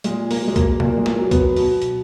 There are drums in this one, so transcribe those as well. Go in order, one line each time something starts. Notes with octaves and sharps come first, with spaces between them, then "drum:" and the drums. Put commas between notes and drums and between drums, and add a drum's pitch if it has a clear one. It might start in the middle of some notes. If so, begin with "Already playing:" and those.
A#2 G#3, drum: hi-hat
A#3, drum: open hi-hat
F#3
G#3
A#3, drum: kick, hi-hat
A#2 A#3, drum: tom C3
G#3
A#3, drum: snare
F#3
B3, drum: kick, hi-hat
B2, drum: open hi-hat
drum: hi-hat